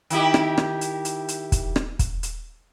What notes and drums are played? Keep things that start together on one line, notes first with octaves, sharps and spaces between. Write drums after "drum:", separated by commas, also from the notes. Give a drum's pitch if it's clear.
D#3 E4 G4, drum: hi-hat
drum: rim click
drum: rim click
drum: hi-hat
drum: hi-hat
drum: hi-hat
drum: kick, hi-hat
drum: rim click
drum: kick, hi-hat
drum: hi-hat